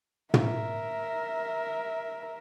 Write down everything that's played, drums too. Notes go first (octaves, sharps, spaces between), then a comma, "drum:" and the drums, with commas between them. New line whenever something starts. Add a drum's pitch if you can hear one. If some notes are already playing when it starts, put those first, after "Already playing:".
A#4 E5, drum: tom